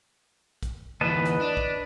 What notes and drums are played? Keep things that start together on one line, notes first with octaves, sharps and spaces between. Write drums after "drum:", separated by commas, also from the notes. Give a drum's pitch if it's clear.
drum: kick, hi-hat
D2 E3 B4 D#5 A5
drum: hi-hat
D4
drum: kick